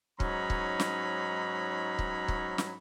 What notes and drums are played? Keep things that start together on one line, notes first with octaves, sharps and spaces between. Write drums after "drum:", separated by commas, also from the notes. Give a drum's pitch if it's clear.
G#2 F#3 C#4 D#4 A#5 B5, drum: kick
drum: kick
drum: snare
drum: kick
drum: kick
drum: snare